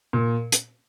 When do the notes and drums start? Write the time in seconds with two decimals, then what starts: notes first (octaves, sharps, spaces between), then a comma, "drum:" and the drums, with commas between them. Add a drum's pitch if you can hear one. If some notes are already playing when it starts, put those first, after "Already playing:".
0.13 A#2
0.52 drum: hi-hat